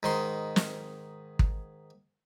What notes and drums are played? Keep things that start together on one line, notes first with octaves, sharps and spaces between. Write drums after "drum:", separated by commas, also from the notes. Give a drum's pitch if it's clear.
G#2 D#3 C6
drum: snare
drum: kick